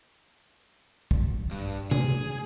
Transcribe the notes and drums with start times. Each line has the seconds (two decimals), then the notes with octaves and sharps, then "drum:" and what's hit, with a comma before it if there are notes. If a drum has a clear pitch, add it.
1.11 drum: kick
1.51 G2
1.91 G#4, drum: tom